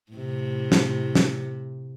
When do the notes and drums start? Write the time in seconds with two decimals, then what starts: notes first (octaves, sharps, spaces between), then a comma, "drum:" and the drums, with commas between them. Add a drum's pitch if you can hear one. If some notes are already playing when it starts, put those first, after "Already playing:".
0.12 A2 C3
0.72 drum: snare
1.15 drum: snare